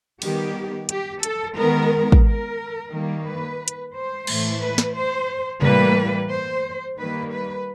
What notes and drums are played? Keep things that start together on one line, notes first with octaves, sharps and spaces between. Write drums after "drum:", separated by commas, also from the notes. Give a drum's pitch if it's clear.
D#3 G3 B3 G4, drum: cymbal
G4, drum: hi-hat
A4, drum: hi-hat
D#3 G#3 B3 A#4
drum: kick
A#4
D#3 G3 A#3
B4
drum: hi-hat
C5
A2 E3 A3, drum: cymbal
B4
drum: snare
C5
A2 E3 G3 A#3 B4, drum: tom C3
C5
D#3 G3 A#3 B4
B4